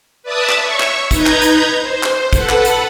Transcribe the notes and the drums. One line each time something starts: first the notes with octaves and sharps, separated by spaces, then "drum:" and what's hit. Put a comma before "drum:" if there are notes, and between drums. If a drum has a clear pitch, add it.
B4 D5 E5 A5 D#6
drum: clap
C#5 E5 C#6
drum: clap
D#4 B4 A#5 G6 G#6, drum: kick, hi-hat
drum: clap
drum: hi-hat
C5
drum: clap
A4 B4 F#5, drum: kick, hi-hat
drum: clap
drum: hi-hat